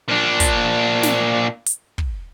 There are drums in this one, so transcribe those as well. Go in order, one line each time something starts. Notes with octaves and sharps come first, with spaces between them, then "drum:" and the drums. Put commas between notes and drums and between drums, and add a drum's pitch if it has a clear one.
A#2 D4
drum: kick, hi-hat
drum: snare
drum: hi-hat
drum: kick